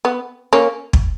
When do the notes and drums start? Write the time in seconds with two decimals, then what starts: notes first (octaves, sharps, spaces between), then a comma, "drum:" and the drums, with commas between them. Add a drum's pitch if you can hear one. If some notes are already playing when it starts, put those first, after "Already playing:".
0.05 B3
0.53 A#3 C#4
0.93 drum: kick